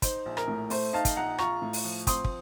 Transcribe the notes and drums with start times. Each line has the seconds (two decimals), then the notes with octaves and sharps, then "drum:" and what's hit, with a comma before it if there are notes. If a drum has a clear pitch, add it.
0.02 D#4 C5, drum: kick, hi-hat
0.26 A#1
0.37 A#4, drum: rim click
0.48 A2
0.70 A3 C5, drum: open hi-hat
0.93 D#4 F5 A5
1.05 drum: kick, hi-hat
1.16 A#1 F#5 A#5
1.38 F4 A#5 C#6, drum: rim click
1.62 A2
1.73 drum: open hi-hat
1.84 F3
2.07 C4 C6 D#6, drum: kick, hi-hat
2.25 drum: kick